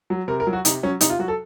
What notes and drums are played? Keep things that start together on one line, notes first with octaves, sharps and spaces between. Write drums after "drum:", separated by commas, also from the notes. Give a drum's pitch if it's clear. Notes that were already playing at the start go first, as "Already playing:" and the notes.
F#3
C3 A#4
A#4
F#3
F#4
C3 D#4, drum: hi-hat
F#3 C#4
C3 D#4, drum: hi-hat
F4
F#3 F#4
A4